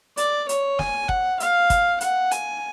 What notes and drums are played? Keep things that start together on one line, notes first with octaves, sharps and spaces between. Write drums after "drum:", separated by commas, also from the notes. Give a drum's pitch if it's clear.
D5, drum: hi-hat
C#5, drum: hi-hat
G#5, drum: snare
F#5, drum: kick
F5, drum: hi-hat
drum: kick, hi-hat
F#5, drum: hi-hat
G#5, drum: hi-hat